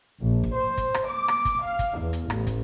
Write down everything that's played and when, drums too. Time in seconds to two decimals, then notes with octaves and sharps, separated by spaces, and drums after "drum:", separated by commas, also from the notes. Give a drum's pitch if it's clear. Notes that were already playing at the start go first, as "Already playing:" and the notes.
0.21 A#1
0.44 drum: kick
0.56 C5
0.78 drum: kick, hi-hat
0.94 drum: rim click
1.08 D6
1.28 drum: rim click
1.45 drum: kick, hi-hat
1.63 F5
1.79 drum: kick, hi-hat
1.99 E2
2.13 drum: hi-hat
2.30 A1, drum: rim click
2.47 drum: kick, hi-hat